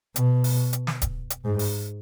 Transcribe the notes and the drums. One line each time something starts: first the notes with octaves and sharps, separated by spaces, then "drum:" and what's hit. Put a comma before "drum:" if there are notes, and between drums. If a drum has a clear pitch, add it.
B2, drum: hi-hat
drum: open hi-hat
drum: hi-hat
drum: snare
drum: kick D1, hi-hat
drum: hi-hat
G#2
drum: open hi-hat